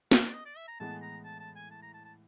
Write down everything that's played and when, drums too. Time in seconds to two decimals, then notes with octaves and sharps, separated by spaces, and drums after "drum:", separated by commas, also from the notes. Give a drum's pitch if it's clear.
0.11 F5, drum: snare
0.27 D5
0.34 D#5
0.46 D5
0.57 E5
0.68 A#5
0.80 A2 E3 G#3 B3 A5
1.02 A#5
1.25 A5
1.40 A5
1.56 G#5
1.71 A5
1.82 A#5
1.94 A5
2.05 A5